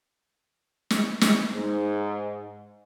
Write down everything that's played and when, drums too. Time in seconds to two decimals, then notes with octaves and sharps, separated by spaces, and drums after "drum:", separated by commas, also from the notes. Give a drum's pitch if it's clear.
0.90 drum: snare
1.21 drum: snare
1.52 G#2